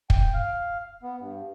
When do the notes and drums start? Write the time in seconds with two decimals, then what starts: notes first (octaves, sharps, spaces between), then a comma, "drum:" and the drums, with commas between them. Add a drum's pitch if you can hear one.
0.10 G5, drum: kick
0.34 F5
1.03 B3
1.21 G2